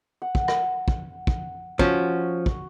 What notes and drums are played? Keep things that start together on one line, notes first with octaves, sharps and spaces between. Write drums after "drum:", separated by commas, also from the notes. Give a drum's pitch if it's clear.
F#5
drum: kick
drum: rim click
drum: kick
drum: kick
F3 C#4 F#4, drum: kick
drum: kick